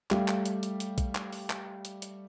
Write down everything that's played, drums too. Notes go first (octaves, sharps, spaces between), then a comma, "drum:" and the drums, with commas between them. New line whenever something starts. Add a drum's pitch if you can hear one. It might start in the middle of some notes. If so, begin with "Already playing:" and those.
G3 A3 F5, drum: clap
drum: clap
drum: hi-hat
drum: hi-hat
drum: hi-hat
drum: kick A#1, hi-hat
drum: clap
drum: open hi-hat
drum: clap
drum: hi-hat
drum: hi-hat